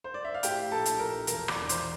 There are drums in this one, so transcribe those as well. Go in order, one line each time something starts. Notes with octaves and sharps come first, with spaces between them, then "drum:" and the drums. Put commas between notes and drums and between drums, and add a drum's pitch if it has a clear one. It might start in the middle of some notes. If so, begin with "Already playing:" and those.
C5
D5
E5
F5
A2 G4 G5, drum: hi-hat
A#1 A4 A5
drum: hi-hat
A#1 A#4 A#5
E1 A#4 A#5, drum: hi-hat
D5 D6, drum: rim click
E2
C5 C6, drum: hi-hat